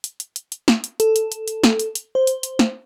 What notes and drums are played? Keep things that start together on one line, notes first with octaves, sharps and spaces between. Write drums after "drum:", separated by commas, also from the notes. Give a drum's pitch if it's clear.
drum: hi-hat
drum: hi-hat
drum: hi-hat
drum: hi-hat
drum: snare
drum: hi-hat
A4, drum: hi-hat
drum: hi-hat
drum: hi-hat
drum: hi-hat
drum: snare
drum: hi-hat
drum: hi-hat
C5
drum: hi-hat
drum: hi-hat
drum: snare